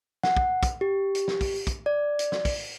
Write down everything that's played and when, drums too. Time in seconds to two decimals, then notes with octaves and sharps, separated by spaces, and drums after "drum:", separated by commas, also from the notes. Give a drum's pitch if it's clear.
0.23 F#5, drum: snare
0.37 drum: kick
0.63 drum: kick, hi-hat
0.81 G4
1.15 drum: hi-hat
1.28 drum: snare
1.41 drum: kick, open hi-hat
1.67 drum: kick, hi-hat
1.86 D5
2.19 drum: hi-hat
2.32 drum: snare
2.45 drum: kick, open hi-hat